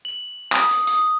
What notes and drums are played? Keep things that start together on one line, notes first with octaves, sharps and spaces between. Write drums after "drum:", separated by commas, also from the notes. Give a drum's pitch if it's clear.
F#7
D#6, drum: clap
drum: hi-hat
D#6, drum: hi-hat